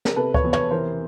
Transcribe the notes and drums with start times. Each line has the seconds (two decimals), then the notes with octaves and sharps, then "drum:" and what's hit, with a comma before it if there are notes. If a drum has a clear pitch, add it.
0.05 A#4, drum: snare
0.16 C3 A4 B4
0.34 B4 C#5, drum: kick C#2
0.44 E2
0.53 B4 C#5, drum: tom
0.71 E3 A#4 C5